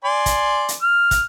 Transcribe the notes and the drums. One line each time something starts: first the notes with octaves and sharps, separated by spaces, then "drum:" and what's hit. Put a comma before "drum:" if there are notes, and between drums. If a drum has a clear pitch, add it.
D5 G#5 C6
drum: kick, hi-hat
drum: hi-hat
F6
drum: kick, hi-hat